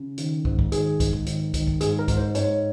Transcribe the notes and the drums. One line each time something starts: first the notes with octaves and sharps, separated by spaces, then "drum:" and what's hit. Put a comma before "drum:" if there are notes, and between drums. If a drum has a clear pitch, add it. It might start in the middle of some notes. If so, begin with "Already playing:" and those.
Already playing: C#3
D#3, drum: hi-hat
G#2, drum: kick
drum: kick
D#3 G#4, drum: hi-hat
G#2, drum: kick, hi-hat
drum: kick
D#3, drum: hi-hat
D#3, drum: kick, hi-hat
drum: kick
G#2 G#4, drum: hi-hat
A#4
G#2, drum: kick, hi-hat
C5
G#2 C#5, drum: hi-hat